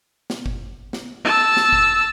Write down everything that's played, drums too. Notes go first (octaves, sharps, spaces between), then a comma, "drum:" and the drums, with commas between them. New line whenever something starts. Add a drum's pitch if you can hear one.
drum: snare
drum: kick G1
drum: snare
A5 E6
drum: snare
drum: kick G1